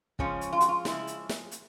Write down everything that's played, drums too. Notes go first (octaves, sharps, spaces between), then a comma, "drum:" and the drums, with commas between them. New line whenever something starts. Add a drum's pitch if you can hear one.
C#3 F3 G#3 C#4, drum: kick
drum: hi-hat
F4
F#4, drum: hi-hat
F4
C#3 F3 G#3 E4, drum: snare
drum: hi-hat
drum: snare
drum: hi-hat